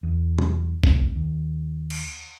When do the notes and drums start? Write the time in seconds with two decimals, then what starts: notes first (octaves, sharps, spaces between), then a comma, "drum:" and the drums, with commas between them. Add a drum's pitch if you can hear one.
0.03 E2
0.38 drum: tom
0.84 F1 C2, drum: kick A#1
1.16 D#2
1.90 drum: cymbal